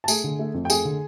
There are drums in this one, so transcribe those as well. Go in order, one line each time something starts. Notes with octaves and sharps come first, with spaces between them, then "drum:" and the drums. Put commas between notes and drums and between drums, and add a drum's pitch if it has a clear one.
A5
A3 G#4 G#5, drum: tambourine
D3
A3
F2
G5
A3 G#4 G#5, drum: tambourine
D3